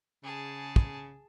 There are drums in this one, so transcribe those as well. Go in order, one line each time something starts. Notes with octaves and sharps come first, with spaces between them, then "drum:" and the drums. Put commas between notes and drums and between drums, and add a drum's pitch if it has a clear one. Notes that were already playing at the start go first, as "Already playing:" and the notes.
C#3 G#4 A5
drum: kick